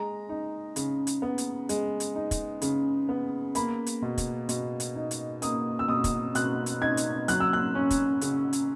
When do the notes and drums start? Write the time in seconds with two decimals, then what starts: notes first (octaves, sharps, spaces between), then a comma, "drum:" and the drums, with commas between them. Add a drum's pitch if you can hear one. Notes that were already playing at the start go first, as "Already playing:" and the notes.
Already playing: G#3 A#5
0.29 D#4
0.76 C#3, drum: hi-hat
1.07 drum: hi-hat
1.22 B3
1.38 drum: hi-hat
1.69 G#3, drum: hi-hat
2.00 drum: hi-hat
2.15 D#4
2.31 drum: kick, hi-hat
2.62 C#3, drum: hi-hat
3.09 B3
3.55 A#3 B5, drum: hi-hat
3.86 drum: hi-hat
4.02 B2
4.18 drum: kick, hi-hat
4.49 B2, drum: hi-hat
4.80 drum: hi-hat
4.95 D#4
5.11 drum: hi-hat
5.42 A#3 D#6, drum: hi-hat
5.79 E6
5.88 B2 D#6
6.04 drum: kick, hi-hat
6.35 B2 F#6, drum: hi-hat
6.66 drum: hi-hat
6.81 D#4 G#6
6.97 drum: hi-hat
7.28 F#3 F#6, drum: hi-hat
7.40 E6
7.53 F#6
7.75 C#4
7.90 drum: kick, hi-hat
8.21 C#3, drum: hi-hat
8.53 drum: hi-hat